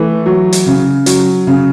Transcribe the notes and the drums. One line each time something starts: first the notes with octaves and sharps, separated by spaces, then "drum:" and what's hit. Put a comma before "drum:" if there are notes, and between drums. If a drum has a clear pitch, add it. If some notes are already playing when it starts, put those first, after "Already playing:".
Already playing: E3 A3
F#3
drum: hi-hat
C#3
F#3, drum: hi-hat
C#3